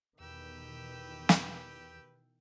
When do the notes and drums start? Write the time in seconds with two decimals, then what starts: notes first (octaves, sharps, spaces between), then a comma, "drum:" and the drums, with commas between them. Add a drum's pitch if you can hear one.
0.20 E2 B2 D#3 E3 G4 B4 G5 E6
1.29 drum: snare